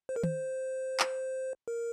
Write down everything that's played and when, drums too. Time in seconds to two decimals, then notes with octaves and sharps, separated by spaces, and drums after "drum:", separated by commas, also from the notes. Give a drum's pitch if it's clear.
0.09 C5
0.16 A#4
0.23 C5, drum: tom
1.00 drum: clap
1.68 A#4